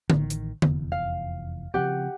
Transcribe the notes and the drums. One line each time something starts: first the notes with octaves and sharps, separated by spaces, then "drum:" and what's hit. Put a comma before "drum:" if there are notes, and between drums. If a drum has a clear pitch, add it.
A1 D#3, drum: tom D3
drum: hi-hat
F1 E2, drum: tom D3
F5
C#3 F3 C4 G4 F#5